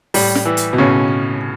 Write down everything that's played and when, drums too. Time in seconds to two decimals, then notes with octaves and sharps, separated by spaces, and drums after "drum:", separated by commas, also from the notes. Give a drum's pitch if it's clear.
0.14 A2 G3, drum: open hi-hat
0.35 drum: snare
0.46 E3
0.57 drum: hi-hat
0.73 B2
0.78 A2 C#3 C#4